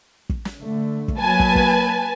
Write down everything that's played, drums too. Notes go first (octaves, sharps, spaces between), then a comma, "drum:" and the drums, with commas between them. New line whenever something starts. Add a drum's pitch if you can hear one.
drum: kick
drum: snare
D3 A3
drum: kick
F#3 A#3 B4 G#5 A5
drum: kick
drum: kick